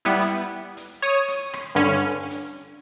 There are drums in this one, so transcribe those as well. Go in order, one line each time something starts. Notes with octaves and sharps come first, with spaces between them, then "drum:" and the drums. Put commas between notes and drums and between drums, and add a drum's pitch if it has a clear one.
G3 B3 E4
drum: hi-hat
drum: hi-hat
C#5 D#6
drum: hi-hat
drum: rim click
G2 D3 C#4
drum: hi-hat